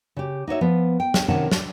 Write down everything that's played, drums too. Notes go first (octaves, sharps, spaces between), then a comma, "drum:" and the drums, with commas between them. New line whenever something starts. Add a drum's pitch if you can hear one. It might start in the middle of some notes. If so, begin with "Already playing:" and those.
C#3 G4
D#4 F#4 C#5 E5
F3 B3
G5
drum: snare
C3 D#3 C#4 D#5 F#5 A5
D5, drum: snare